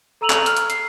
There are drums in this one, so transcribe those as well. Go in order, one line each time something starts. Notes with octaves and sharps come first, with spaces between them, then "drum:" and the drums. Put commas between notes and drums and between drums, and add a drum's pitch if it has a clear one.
A4 A#5 E6 D#7 F7 F#7
drum: clap
F6, drum: hi-hat
drum: hi-hat
C7, drum: hi-hat